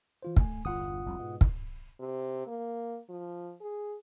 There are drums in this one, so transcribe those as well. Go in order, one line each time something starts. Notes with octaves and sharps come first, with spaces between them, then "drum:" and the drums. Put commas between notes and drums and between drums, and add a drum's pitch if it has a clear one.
E3 F4 C5
A3 G#5, drum: kick
G1 E2 F4 F#5 D#6
F1 C2 F2
G#2 B2
drum: kick
C3
A#3
F3
G#4